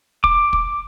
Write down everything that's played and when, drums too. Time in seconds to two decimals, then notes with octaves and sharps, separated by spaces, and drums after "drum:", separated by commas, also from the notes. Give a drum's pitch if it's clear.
0.24 D6, drum: kick
0.53 drum: kick